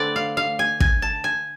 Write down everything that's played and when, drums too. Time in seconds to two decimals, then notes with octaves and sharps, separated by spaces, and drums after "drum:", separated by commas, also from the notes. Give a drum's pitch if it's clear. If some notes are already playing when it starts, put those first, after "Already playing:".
Already playing: D3 A3 C4 B4 D5
0.16 F5
0.37 F5
0.59 G#5
0.80 G#5, drum: kick
1.02 A5
1.24 G#5